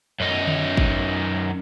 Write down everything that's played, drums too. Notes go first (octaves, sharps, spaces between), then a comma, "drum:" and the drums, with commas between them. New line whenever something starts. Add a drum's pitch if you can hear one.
F#2 D#4
drum: tom D3
drum: kick